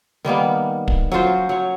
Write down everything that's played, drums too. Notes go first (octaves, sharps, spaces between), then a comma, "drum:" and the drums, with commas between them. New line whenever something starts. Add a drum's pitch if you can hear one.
D#3 G3 A#3 B3
drum: kick
F#3 C#4 F4 C5
F#3 C#5